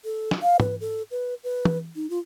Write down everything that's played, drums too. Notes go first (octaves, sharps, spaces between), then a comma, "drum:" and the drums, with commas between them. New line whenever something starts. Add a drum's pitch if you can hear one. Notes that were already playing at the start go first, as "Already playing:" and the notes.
A4
drum: snare
F5
B4, drum: tom
A4
B4
B4
drum: tom
D#4
F4